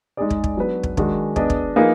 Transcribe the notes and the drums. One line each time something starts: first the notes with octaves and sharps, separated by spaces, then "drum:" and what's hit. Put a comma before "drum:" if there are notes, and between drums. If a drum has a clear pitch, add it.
G#3 D#4 G#4 D5
drum: kick
drum: kick
F#3 B3 D4 F#4 B4
drum: kick
D#3 G#3 D4 F#4, drum: kick
B3 D4 G#4 D#5, drum: kick
drum: kick
F3 A#3 D#4 G#4 B4